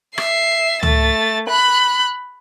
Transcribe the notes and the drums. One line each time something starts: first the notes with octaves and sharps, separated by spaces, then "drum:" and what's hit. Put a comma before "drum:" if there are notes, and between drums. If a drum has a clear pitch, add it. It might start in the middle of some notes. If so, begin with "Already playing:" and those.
E5 C7, drum: rim click
A3 A6, drum: tom C#2
B5 F#6